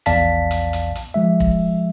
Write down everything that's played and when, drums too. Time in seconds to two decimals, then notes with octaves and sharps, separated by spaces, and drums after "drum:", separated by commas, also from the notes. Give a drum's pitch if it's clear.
0.06 A#1 E2 D5 F5 A5 B6, drum: hi-hat
0.51 drum: hi-hat
0.73 drum: hi-hat
0.96 drum: hi-hat
1.14 F3 G#3 E5
1.40 drum: kick